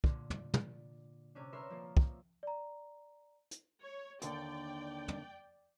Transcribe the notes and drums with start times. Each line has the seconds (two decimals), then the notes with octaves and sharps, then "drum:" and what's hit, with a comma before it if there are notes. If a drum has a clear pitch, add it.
0.04 A#2 D3, drum: kick
0.30 drum: tom
0.54 drum: tom
1.35 C3 C#4 D4
1.53 A#4 B4 C#5 E5 C6
1.70 F3 A#3
1.97 drum: kick
2.43 D5 A#5
3.51 drum: hi-hat
3.82 C#5
4.22 D#2 D3 D5 G5, drum: hi-hat
5.08 drum: tom